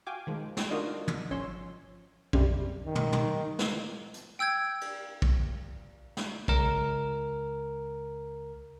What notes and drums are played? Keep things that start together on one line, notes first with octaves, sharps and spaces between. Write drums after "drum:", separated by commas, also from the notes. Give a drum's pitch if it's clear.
F#4 F5 G5 G#5 D6
D#3 F3 G#3
drum: snare
D4 D#4 F4 F#4 A#4 D#5
drum: tom
G#1 F3 C#4 C#5 C6 E6
F#2 C3 G3, drum: kick
D#3
drum: tom
drum: tom
drum: snare
drum: hi-hat
G5 E6 G6 G#6
drum: cymbal
drum: kick
drum: snare
C#2 A#4, drum: kick